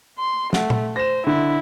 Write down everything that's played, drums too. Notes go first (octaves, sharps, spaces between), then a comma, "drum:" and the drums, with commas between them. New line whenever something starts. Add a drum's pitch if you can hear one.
C6
A3 F#5, drum: snare
drum: tom A#2
C5 A#6 E7
D3 E4